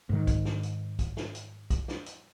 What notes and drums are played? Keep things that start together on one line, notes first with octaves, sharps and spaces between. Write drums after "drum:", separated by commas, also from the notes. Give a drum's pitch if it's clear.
G#2 D#3
drum: kick, hi-hat
drum: snare
drum: hi-hat
drum: kick, hi-hat
drum: snare
drum: hi-hat
drum: kick, hi-hat
drum: snare
drum: hi-hat